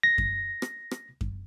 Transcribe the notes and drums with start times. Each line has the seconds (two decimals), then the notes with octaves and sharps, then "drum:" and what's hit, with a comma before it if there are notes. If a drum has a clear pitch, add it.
0.03 A#6
0.18 drum: kick F#2
0.62 drum: rim click
0.91 drum: rim click
1.21 drum: kick F#2